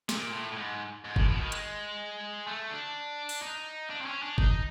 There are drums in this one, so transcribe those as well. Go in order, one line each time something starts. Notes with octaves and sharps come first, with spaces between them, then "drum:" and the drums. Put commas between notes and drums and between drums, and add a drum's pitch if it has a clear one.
A#2, drum: snare
A2
A2
G#2
G#2
A2, drum: kick G1
B2
D#3
G#3, drum: hi-hat
A3
D4
drum: open hi-hat
D#4
D4
C4
C#4
D4
D#4, drum: kick G1